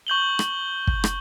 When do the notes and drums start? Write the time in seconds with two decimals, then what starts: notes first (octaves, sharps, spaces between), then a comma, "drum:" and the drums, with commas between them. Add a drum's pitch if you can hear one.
0.07 C#6 G6 F#7 G7
0.39 drum: rim click
0.87 drum: kick
1.04 drum: rim click